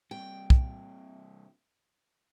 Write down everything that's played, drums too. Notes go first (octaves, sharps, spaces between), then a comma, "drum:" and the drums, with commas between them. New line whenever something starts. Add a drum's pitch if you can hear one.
G2 C3 G5
drum: kick